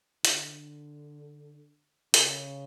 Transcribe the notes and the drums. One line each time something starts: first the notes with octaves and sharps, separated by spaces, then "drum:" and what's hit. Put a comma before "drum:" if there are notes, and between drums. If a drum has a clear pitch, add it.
D3, drum: hi-hat
C#3, drum: hi-hat